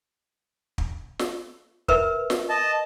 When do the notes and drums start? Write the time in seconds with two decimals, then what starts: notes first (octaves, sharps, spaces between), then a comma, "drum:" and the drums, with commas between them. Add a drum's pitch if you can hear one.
0.78 drum: kick
1.19 drum: snare
1.88 A#4 B4 E5, drum: kick
2.30 drum: snare
2.49 D#5 A5